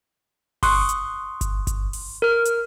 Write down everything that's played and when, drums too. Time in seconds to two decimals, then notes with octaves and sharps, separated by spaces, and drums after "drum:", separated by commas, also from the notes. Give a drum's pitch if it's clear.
0.63 C6 C#6 D#6 F#6, drum: kick G1, open hi-hat
0.89 drum: hi-hat
1.41 drum: kick G1, hi-hat
1.67 drum: kick G1, hi-hat
1.93 drum: open hi-hat
2.22 A#4 F6
2.45 drum: hi-hat